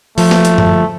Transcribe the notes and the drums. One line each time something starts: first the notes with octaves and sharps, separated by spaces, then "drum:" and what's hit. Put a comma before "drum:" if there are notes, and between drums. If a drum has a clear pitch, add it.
F3 A3, drum: open hi-hat
drum: snare
drum: hi-hat
drum: tom F#2